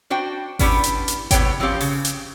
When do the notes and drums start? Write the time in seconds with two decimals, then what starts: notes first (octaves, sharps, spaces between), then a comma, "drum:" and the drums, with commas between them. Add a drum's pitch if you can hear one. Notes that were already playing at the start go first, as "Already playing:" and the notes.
0.10 D4 F#4 C5 G5
0.59 B3 C#4 D4 E4 G4, drum: kick G#1, open hi-hat
0.84 drum: hi-hat
1.08 drum: hi-hat
1.31 A2 C3 B3 E4 C#5 G5, drum: kick G#1, hi-hat
1.60 F3 C4 C#4 G4 F5
1.80 C#3, drum: open hi-hat
2.05 drum: hi-hat